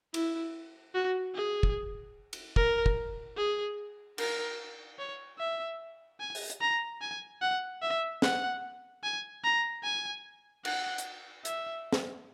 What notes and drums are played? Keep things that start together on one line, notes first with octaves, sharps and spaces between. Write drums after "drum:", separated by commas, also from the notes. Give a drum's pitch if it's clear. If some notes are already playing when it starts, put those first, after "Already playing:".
E4, drum: cymbal
F#4
G#4
drum: kick
drum: cymbal
A#4, drum: kick
drum: kick
G#4
A#4, drum: cymbal
C#5
E5
G#5
drum: open hi-hat
drum: hi-hat
A#5
G#5
F#5
E5
F#5, drum: snare
G#5
A#5
G#5
F#5, drum: cymbal
drum: hi-hat
E5, drum: hi-hat
drum: snare